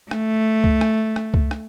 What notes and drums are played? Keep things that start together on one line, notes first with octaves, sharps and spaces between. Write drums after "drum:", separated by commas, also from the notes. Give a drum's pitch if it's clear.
A3, drum: rim click
drum: kick C#2
drum: rim click
drum: rim click
drum: kick C#2
drum: rim click